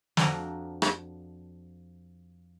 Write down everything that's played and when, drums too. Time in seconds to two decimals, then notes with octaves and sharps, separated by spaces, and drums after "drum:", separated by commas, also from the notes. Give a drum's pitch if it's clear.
0.17 F2 F3 D4 F#4 A#5, drum: snare
0.82 drum: rim click